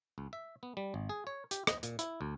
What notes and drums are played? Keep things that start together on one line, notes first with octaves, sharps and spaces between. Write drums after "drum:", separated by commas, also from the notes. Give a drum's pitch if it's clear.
C#2
E5
B3
G3
G#1
G#4
C#5
G4, drum: hi-hat
D#5, drum: rim click
A#2, drum: hi-hat
E4, drum: hi-hat
D2